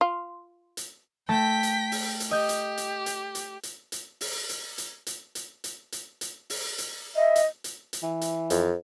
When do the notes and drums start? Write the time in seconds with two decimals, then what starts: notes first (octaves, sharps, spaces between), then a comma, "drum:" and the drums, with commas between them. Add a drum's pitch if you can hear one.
0.01 F4
0.77 drum: hi-hat
1.29 A3 G5 A5 A#6 B6
1.63 drum: hi-hat
1.92 drum: open hi-hat
2.20 drum: hi-hat
2.31 G4 D#5 G6
2.49 drum: hi-hat
2.77 drum: hi-hat
3.06 drum: hi-hat
3.35 drum: hi-hat
3.63 drum: hi-hat
3.92 drum: hi-hat
4.21 drum: open hi-hat
4.49 drum: hi-hat
4.78 drum: hi-hat
5.07 drum: hi-hat
5.35 drum: hi-hat
5.64 drum: hi-hat
5.92 drum: hi-hat
6.21 drum: hi-hat
6.50 drum: open hi-hat
6.78 drum: hi-hat
7.16 D#5 E5
7.36 drum: hi-hat
7.64 drum: hi-hat
7.93 drum: hi-hat
8.03 E3
8.21 drum: hi-hat
8.50 F2, drum: hi-hat